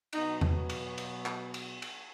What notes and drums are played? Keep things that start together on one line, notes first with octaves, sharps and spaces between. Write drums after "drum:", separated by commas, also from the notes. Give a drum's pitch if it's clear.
B2 F#3 B3 D#4, drum: cymbal
drum: tom E2
drum: cymbal
drum: cymbal
drum: clap
drum: cymbal
drum: cymbal